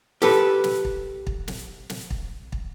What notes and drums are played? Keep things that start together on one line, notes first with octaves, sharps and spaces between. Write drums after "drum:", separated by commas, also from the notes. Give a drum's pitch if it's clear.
G4 A4 B4, drum: snare
drum: snare
drum: kick
drum: kick
drum: snare
drum: snare
drum: kick
drum: kick